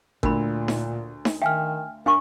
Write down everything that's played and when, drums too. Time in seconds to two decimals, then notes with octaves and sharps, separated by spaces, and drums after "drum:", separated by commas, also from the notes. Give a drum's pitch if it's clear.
0.23 D2 A#2 A#4 B5, drum: kick G#1
0.68 drum: snare D#4
1.25 drum: snare D#4
1.42 D#3 E5 F5 G5 G#5 F6
2.06 D4 A#4 F5 G#5 C#6